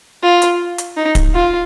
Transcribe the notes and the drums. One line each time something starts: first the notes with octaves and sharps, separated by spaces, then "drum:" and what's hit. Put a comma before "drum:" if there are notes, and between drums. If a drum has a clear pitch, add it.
F4
drum: hi-hat
drum: hi-hat
D#4
drum: kick, hi-hat
F4